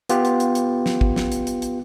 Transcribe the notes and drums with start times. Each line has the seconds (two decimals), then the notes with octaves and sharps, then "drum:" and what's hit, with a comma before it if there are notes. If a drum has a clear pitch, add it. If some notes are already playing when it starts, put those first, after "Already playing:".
0.09 B3 F4 G4, drum: hi-hat
0.25 drum: hi-hat
0.40 drum: hi-hat
0.55 drum: hi-hat
0.86 drum: snare
1.01 drum: kick
1.16 drum: snare
1.32 drum: hi-hat
1.47 drum: hi-hat
1.62 drum: hi-hat